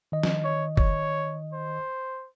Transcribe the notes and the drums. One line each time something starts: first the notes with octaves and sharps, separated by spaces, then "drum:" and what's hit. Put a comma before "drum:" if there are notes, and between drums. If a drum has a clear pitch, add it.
D#3 D#5
drum: snare
C#5
C#5, drum: kick F#1
C5